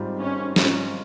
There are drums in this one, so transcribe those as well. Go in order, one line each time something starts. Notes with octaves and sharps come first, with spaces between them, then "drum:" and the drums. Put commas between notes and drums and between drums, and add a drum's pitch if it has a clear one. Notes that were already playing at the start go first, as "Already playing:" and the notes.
Already playing: G#1 G#2 G3 C4 F4
G#1 C#4
G#2 G3 C4 C#4 F4, drum: snare